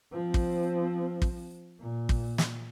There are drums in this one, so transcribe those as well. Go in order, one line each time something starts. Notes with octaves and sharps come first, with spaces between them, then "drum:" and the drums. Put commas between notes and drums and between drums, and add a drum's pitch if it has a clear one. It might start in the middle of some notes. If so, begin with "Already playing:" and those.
F3 C4
drum: kick
drum: kick
A#2
drum: kick
drum: snare